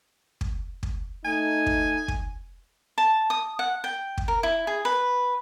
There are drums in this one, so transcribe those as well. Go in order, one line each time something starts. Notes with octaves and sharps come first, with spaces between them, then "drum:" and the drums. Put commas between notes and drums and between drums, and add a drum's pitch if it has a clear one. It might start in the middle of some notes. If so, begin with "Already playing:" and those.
drum: kick
drum: kick
A3 D#4 G#5
drum: kick
drum: kick
A5
D#6
F#5
G5
drum: kick
A#4
E4
G#4
B4